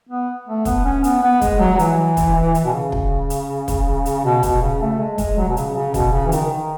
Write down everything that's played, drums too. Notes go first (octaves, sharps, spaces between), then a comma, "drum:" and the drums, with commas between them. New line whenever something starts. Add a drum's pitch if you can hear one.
B3
A3
B3, drum: kick, hi-hat
C#4
B3, drum: hi-hat
B3
G#3, drum: kick, hi-hat
F#3
F#3
E3, drum: hi-hat
drum: kick, hi-hat
drum: hi-hat
B2
C#3
drum: kick
drum: hi-hat
drum: kick, hi-hat
drum: hi-hat
B2
B2, drum: kick, hi-hat
C#3
A3
G#3
G#3, drum: kick, hi-hat
F#3
B2
C#3, drum: hi-hat
C#3
B2, drum: kick, hi-hat
C#3
E3
D#3, drum: hi-hat
D#3